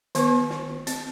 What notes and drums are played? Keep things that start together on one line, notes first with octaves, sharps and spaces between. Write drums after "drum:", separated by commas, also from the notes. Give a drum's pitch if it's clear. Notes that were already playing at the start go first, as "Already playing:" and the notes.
D#3 B3 B4 C#6, drum: hi-hat
drum: snare
C4, drum: hi-hat